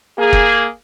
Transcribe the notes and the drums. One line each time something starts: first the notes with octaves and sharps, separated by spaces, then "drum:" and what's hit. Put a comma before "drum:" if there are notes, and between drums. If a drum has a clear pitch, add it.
A#3 G#4
drum: kick F#1